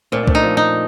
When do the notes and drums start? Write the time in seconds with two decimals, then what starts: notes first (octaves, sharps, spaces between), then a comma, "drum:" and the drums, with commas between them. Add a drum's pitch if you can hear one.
0.12 A#2 A3 C4
0.23 D4
0.27 A3 C4, drum: kick C2
0.35 D#4
0.43 F3 A3
0.57 D#4